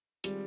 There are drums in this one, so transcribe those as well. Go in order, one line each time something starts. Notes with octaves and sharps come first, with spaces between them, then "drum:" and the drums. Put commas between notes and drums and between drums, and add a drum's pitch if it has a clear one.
D#3 G3 G#3 C4 F4 G#4, drum: hi-hat